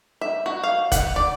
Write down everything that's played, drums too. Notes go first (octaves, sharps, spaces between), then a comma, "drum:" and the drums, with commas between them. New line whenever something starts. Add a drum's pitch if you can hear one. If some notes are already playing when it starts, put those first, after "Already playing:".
E5
F#4
F5
F#5, drum: kick F1, hi-hat
D5